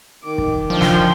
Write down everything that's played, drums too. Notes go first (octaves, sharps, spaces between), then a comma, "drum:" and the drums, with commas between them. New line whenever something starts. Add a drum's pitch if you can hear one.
D#3 D6
drum: kick
F3 D4 G5
drum: snare